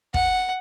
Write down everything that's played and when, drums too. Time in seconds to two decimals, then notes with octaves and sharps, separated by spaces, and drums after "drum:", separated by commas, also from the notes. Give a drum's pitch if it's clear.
0.14 F#5, drum: kick